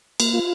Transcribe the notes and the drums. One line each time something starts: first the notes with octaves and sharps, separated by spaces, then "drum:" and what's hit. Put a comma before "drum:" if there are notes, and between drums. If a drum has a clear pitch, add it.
A#3, drum: cymbal
F4